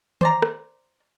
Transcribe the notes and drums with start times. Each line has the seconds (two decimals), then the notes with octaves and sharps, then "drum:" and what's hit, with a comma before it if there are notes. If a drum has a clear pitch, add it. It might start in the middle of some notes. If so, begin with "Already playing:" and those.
0.21 C5 D5 A#5, drum: tom D#3
0.42 drum: rim click